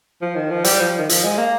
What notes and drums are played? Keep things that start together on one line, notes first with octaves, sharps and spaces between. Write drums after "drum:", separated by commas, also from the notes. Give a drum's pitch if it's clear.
F3
D#3
F3
G3, drum: hi-hat
F3
D#3
F3, drum: hi-hat
G#3
A#3